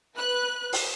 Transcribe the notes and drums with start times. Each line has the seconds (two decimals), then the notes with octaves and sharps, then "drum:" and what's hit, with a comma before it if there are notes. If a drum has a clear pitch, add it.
0.16 B4 F#6
0.73 drum: open hi-hat